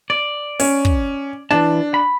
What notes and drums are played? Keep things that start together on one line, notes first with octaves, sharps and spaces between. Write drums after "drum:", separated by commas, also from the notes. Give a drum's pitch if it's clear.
D5
C#4, drum: open hi-hat
drum: kick
E3 D4 A5
B5